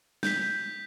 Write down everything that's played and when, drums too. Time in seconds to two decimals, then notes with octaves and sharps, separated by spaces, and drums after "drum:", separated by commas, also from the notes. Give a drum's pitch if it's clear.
0.23 G6 B6, drum: snare